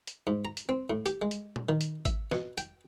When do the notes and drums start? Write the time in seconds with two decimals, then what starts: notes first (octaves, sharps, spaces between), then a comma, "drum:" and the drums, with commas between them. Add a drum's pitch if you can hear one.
0.07 drum: hi-hat
0.27 G#2
0.45 A#5
0.57 drum: hi-hat
0.69 C4
0.90 A2
1.06 G4, drum: hi-hat
1.22 G#3
1.31 drum: hi-hat
1.56 drum: tom A#2
1.69 D#3
1.81 drum: hi-hat
2.05 E5, drum: kick G#1, hi-hat
2.32 B2, drum: snare
2.58 G5, drum: hi-hat